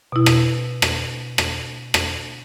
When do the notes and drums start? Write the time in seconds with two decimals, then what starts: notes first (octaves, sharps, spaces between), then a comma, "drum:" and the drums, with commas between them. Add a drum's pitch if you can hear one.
0.12 B2 E4
0.26 drum: rim click
0.82 drum: rim click
1.38 drum: rim click
1.94 drum: rim click